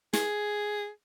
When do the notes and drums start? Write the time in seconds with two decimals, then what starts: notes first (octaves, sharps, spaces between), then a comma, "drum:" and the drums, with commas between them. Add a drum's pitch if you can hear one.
0.13 G#4, drum: snare